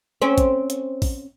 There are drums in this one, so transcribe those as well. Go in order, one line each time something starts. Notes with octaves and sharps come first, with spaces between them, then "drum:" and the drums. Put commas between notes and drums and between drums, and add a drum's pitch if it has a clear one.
C4 C#4
drum: kick A1, hi-hat
drum: hi-hat
drum: kick A1, open hi-hat